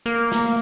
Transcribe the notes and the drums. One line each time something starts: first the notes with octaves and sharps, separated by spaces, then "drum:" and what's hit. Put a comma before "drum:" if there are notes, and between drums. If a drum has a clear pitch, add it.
A#3, drum: hi-hat
drum: snare